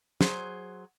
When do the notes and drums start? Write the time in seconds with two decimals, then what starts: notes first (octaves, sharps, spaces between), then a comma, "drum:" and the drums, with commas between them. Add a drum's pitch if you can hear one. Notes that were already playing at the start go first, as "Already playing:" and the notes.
0.21 F#3 G#4 C5, drum: snare